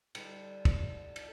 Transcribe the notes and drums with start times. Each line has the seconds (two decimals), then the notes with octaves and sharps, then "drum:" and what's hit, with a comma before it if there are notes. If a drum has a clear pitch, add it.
0.15 D3 G3, drum: cymbal
0.65 drum: kick, cymbal
1.16 drum: cymbal